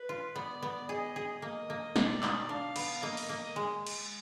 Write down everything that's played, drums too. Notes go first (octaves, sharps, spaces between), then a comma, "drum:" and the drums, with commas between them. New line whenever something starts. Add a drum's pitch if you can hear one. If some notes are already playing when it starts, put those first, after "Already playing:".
Already playing: B4
F4
B3 D5
B3
G#4 D#5
G#4
A#3 D#5
A#3
B2 D5, drum: snare
D#4, drum: clap
D4 F5
B3, drum: cymbal
A#3 D#5
drum: open hi-hat
A#3
G#3
drum: cymbal